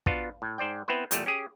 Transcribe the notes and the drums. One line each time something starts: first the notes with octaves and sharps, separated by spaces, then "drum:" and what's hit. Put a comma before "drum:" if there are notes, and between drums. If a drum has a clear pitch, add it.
B3 D4 F4 F#4, drum: kick
A2
G#2 C5 D5 G5
B3 C4 E4 B4 C5
E2 A#2 G3 A3, drum: hi-hat
C#4 G4 G#4